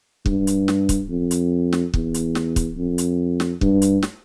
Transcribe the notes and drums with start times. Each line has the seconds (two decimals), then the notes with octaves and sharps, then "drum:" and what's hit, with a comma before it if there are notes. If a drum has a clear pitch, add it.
0.26 G2, drum: kick
0.47 drum: hi-hat
0.68 drum: snare
0.89 drum: kick, hi-hat
1.09 F2
1.31 drum: hi-hat
1.73 drum: snare
1.94 E2, drum: kick
2.14 drum: hi-hat
2.35 drum: snare
2.56 drum: kick, hi-hat
2.77 F2
2.98 drum: hi-hat
3.40 drum: snare
3.61 G2, drum: kick
3.82 drum: hi-hat
4.03 drum: snare